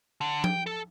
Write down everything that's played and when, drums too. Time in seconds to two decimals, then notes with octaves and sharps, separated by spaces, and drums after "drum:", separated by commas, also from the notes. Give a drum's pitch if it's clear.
0.21 D3
0.44 G5, drum: tom F3
0.66 A4